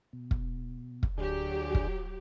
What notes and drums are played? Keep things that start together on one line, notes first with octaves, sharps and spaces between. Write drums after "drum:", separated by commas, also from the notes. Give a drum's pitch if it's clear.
B2
drum: kick
drum: kick
D2 F#3 D4 G4 G#4
drum: kick